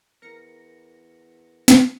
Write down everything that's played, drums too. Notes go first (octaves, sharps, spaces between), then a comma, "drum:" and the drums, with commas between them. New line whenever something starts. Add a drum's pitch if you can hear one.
E2 A#4 A#6 C#7
drum: snare